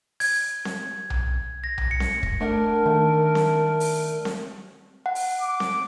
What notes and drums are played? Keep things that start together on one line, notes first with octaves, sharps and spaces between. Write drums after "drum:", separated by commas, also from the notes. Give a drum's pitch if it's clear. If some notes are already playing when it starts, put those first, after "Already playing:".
G#6, drum: open hi-hat
drum: snare C4
drum: tom B1
A#6
drum: tom B1
C#7
drum: snare C4
drum: kick
A3 D4 A#4 F#5
D#3 A3
drum: snare C4
drum: open hi-hat
drum: snare C4
F#5
drum: open hi-hat
D6
drum: snare C4